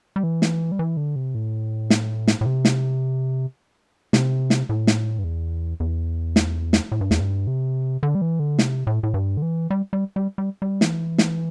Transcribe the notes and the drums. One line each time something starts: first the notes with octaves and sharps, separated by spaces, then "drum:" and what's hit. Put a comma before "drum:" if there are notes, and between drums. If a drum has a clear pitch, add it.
G3
E3
drum: snare
G3
E3
D3
C3
A2
drum: snare
drum: snare
A2
C3
drum: snare
C3, drum: snare
drum: snare
A2
drum: snare
G2
E2
E2
drum: snare
drum: snare
A2
G2
E2, drum: snare
G2
C3
D3
G3
E3
D3
C3, drum: snare
A2
A2
G2
D3
E3
G3
G3
G3
G3
G3
E3, drum: snare
drum: snare